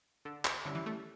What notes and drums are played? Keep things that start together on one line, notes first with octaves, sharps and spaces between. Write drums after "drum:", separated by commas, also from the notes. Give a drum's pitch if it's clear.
D3
drum: clap
D3 G3 C#4 E4
E3
A3